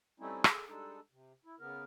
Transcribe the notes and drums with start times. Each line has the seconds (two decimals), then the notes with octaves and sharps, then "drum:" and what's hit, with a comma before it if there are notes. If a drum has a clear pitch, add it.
0.20 G3 A3 C4 C#4 D#4 E4
0.44 G#4 A4, drum: rim click
0.68 G3 G#3 D4 D#4 A4
1.11 C3
1.45 E4
1.59 C#3 B3 A#4